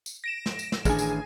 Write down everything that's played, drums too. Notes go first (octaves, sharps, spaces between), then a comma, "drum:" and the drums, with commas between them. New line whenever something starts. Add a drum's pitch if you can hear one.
drum: tambourine
A#6 D7 E7
drum: snare
drum: tambourine
drum: snare
A1 D#3 D4 G#4 G#5, drum: kick, tambourine
drum: tambourine